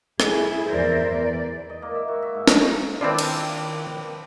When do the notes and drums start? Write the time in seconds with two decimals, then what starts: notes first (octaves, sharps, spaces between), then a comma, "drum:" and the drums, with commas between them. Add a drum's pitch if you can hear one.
0.20 E4 G#4, drum: rim click
0.70 E2 A#4 C5 D5 E5
1.06 E2 D5
1.70 D#5
1.82 A#3
1.95 E5
2.08 F#4
2.22 E5
2.35 G#2
2.47 C#3, drum: snare
3.01 D#3 A#3 C4 D4 E4 F4 B4 D5
3.19 drum: cymbal